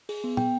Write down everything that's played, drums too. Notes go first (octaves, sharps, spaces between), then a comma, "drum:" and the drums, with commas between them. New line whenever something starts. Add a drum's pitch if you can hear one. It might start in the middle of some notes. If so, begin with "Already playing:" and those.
G#4, drum: open hi-hat
B3
B3 G5, drum: tom